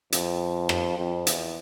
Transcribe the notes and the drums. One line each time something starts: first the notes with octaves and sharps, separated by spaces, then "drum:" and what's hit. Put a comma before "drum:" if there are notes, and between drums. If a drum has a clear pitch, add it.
F2, drum: hi-hat
drum: rim click
F2
E2, drum: hi-hat